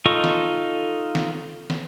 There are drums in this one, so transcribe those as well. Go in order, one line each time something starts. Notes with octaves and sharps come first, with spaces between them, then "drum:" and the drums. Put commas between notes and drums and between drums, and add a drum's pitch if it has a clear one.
D#4 F4 A4 D#5 C#6
drum: snare
drum: snare
drum: snare